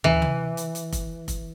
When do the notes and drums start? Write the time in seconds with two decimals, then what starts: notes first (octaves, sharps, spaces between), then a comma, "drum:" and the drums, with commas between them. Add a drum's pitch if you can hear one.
0.04 E3, drum: tom
0.22 drum: tom
0.57 drum: hi-hat
0.75 drum: hi-hat
0.92 drum: kick F1, hi-hat
1.28 drum: kick F1, hi-hat